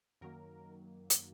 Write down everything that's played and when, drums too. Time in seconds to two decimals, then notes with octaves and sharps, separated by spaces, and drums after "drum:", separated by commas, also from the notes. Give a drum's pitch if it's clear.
0.21 F#2 D#3 F#3 A#3 A#4
1.10 drum: hi-hat